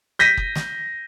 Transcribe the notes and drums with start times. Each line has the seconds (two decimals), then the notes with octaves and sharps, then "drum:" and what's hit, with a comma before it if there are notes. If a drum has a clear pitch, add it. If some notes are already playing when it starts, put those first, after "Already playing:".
0.19 G6 A#6 B6 D#7
0.37 drum: kick F#1
0.55 drum: snare